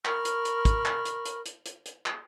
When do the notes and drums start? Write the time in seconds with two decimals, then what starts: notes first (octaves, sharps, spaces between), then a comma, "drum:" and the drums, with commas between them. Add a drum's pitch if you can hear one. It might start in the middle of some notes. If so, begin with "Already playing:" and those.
0.05 A#4 B5 C#6 F6, drum: clap
0.25 drum: hi-hat
0.45 drum: hi-hat
0.65 drum: kick, hi-hat
0.85 drum: clap
1.05 drum: hi-hat
1.25 drum: hi-hat
1.46 drum: hi-hat
1.66 drum: hi-hat
1.86 drum: hi-hat
2.06 drum: clap